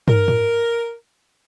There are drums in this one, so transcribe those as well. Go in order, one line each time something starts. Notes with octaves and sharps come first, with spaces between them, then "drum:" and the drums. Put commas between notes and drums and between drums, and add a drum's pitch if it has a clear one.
A#4, drum: tom
drum: tom